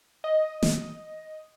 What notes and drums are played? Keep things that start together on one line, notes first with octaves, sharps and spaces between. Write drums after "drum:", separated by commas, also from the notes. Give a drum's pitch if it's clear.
D#5
drum: snare